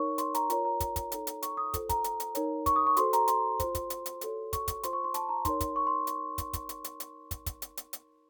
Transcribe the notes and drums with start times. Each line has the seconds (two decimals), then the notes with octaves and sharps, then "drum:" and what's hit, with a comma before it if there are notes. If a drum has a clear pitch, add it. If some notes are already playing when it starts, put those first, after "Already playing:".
Already playing: D#4 A#4 C#5 C#6
0.18 C6, drum: hi-hat
0.34 A#5, drum: hi-hat
0.50 F4 A#4 C#5 A#5, drum: hi-hat
0.65 A#5
0.80 drum: kick, hi-hat
0.96 drum: kick, hi-hat
1.12 D#4 A4 C#5, drum: hi-hat
1.27 drum: hi-hat
1.42 C#6, drum: hi-hat
1.57 D#6
1.74 F4 A4 C5, drum: kick, hi-hat
1.89 A#5, drum: kick, hi-hat
2.04 drum: hi-hat
2.20 drum: hi-hat
2.35 D#4 A#4 C#5, drum: hi-hat
2.66 C#6, drum: kick, hi-hat
2.76 D#6
2.87 C#6
2.97 F#4 A4 C5 C6, drum: hi-hat
3.13 A#5, drum: hi-hat
3.28 C6, drum: hi-hat
3.60 F4 C5, drum: kick, hi-hat
3.75 drum: kick, hi-hat
3.90 drum: hi-hat
4.06 drum: hi-hat
4.21 F#4 A4 C#5, drum: hi-hat
4.53 C#6, drum: kick, hi-hat
4.68 drum: kick, hi-hat
4.83 F4 C5 C6, drum: hi-hat
4.93 C#6
5.04 C6
5.14 A5, drum: hi-hat
5.29 A#5
5.45 D#4 A#4 C#5 C6, drum: kick, hi-hat
5.61 drum: kick, hi-hat
5.76 C#6
5.87 C6
6.07 drum: hi-hat
6.38 drum: kick, hi-hat
6.53 drum: kick, hi-hat
6.69 drum: hi-hat
6.84 drum: hi-hat
7.00 drum: hi-hat
7.31 drum: kick, hi-hat
7.46 drum: kick, hi-hat
7.62 drum: hi-hat
7.77 drum: hi-hat
7.93 drum: hi-hat